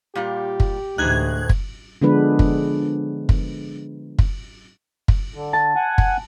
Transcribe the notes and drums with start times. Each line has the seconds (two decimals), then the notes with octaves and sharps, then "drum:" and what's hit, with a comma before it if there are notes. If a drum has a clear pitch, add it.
0.15 A#2 G3 F4 G4
0.60 drum: kick
0.98 D2 A2 E3 G#3 D#4 F#6 G#6
1.49 drum: kick
2.02 D3 F3 G#3 B3 D4 B4
2.39 drum: kick
3.29 drum: kick
4.19 drum: kick
5.08 drum: kick
5.35 D3
5.53 A5
5.76 F#5 G#5
5.98 drum: kick